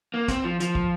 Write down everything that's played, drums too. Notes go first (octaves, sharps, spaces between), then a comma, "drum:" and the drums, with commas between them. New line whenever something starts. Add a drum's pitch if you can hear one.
A#3
C4, drum: kick, hi-hat
F3
F3, drum: hi-hat
drum: kick